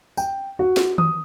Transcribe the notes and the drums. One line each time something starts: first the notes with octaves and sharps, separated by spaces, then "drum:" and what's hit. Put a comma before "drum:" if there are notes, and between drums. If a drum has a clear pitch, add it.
G5, drum: tambourine
F#4
drum: snare
D#6, drum: tom D#3